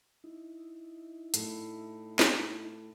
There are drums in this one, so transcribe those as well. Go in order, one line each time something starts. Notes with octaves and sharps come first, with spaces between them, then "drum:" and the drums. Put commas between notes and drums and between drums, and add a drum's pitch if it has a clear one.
D#4 E4
A2, drum: hi-hat
drum: snare